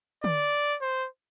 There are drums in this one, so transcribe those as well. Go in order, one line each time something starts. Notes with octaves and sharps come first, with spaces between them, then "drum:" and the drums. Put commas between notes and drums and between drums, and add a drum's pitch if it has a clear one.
D5, drum: tom
C5